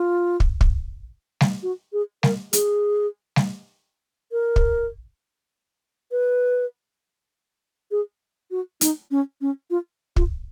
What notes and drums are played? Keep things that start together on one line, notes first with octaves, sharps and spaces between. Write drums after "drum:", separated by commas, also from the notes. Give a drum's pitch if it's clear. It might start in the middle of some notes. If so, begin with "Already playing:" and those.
Already playing: F4
drum: kick
drum: kick
drum: snare G3
F#4
G#4
A#4, drum: snare G3
G#4, drum: hi-hat
drum: snare G3
A#4
drum: kick
B4
G#4
F#4
D#4, drum: hi-hat
C#4
C#4
F4
F4, drum: kick